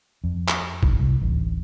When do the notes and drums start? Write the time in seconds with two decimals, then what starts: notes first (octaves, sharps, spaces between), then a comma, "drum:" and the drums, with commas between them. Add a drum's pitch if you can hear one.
0.24 F2
0.48 drum: clap
0.83 drum: kick A1
1.00 C2
1.21 D1 A1